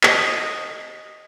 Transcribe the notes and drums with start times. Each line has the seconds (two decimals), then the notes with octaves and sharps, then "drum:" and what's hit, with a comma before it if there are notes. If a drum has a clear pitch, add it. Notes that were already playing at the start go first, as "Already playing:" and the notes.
0.03 D#5, drum: clap